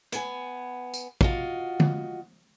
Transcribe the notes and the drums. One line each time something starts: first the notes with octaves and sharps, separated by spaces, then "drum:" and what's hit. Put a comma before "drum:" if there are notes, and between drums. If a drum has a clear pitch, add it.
B3 G#5, drum: hi-hat
drum: tambourine
F4 F#4 D#5, drum: kick
drum: tom D3